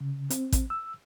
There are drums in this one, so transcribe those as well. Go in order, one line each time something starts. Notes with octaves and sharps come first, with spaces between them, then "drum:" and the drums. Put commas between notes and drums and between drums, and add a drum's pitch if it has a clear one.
C#3
C4, drum: hi-hat
drum: kick A1, hi-hat
E6